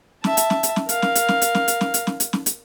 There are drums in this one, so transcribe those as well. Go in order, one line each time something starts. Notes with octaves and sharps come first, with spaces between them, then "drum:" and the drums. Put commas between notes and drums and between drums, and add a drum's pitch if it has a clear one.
E5 A5, drum: snare
drum: hi-hat
drum: snare
drum: hi-hat
drum: snare
A#4 F5, drum: hi-hat
drum: snare
drum: hi-hat
drum: snare
drum: hi-hat
drum: snare
drum: hi-hat
drum: snare
drum: hi-hat
drum: snare
drum: hi-hat
drum: snare
drum: hi-hat